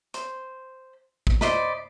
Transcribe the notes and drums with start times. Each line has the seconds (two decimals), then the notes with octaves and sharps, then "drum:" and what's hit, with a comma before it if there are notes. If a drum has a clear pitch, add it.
0.14 C5, drum: hi-hat
1.27 drum: kick
1.41 C5 D5 D#5 B5, drum: snare